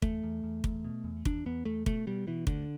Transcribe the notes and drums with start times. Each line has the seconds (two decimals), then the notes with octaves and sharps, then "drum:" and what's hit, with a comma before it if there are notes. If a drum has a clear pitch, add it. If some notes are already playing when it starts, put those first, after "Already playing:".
0.02 E2 A3, drum: kick
0.23 E2
0.44 E2
0.64 E2, drum: kick
0.85 B2
1.04 E2
1.25 E2 D4, drum: kick
1.46 E2 B3
1.65 E2 A3
1.86 B2 A3, drum: kick
2.07 B2 G3
2.27 B2 E3
2.47 D2 D3, drum: kick